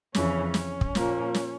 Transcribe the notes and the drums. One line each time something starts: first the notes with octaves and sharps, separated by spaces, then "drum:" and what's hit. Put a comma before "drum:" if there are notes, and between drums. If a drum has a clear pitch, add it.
F2 C#3 E3 C#4, drum: snare
C#4, drum: snare
drum: kick
A#2 F3 A#3, drum: snare
drum: snare